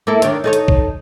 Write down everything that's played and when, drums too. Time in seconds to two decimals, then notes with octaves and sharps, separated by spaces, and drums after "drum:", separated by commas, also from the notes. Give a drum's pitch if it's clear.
0.07 A#3 E4 A4
0.22 D#3 D4 C#5, drum: hi-hat
0.44 D#4 A4 C#5
0.53 drum: hi-hat
0.68 drum: kick